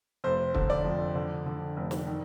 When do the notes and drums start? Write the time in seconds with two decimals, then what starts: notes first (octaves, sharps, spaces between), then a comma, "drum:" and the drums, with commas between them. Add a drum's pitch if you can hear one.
0.24 F1 C5
0.54 D3, drum: kick
0.70 D5
0.85 F2
1.15 D3
1.46 D3
1.77 F1
1.91 drum: snare
2.07 D#3